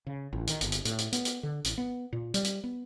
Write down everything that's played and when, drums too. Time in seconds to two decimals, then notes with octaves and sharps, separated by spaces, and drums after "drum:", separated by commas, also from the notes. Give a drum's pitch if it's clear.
0.07 C#3
0.33 A1
0.47 D#3, drum: hi-hat
0.61 G1, drum: hi-hat
0.72 drum: hi-hat
0.85 A2, drum: hi-hat
0.98 drum: hi-hat
1.12 B3, drum: hi-hat
1.25 drum: hi-hat
1.43 D3
1.64 A1, drum: hi-hat
1.78 B3
2.13 A#2
2.34 G3, drum: hi-hat
2.44 drum: hi-hat
2.64 B3